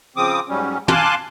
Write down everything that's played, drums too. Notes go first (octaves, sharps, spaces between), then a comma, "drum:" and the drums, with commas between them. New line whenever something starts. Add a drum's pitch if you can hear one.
C#3 F3 C4 D6 D#6
G#2 F#3 G3 C#4
F5 G#5 A5 C6 D6 F#6, drum: tom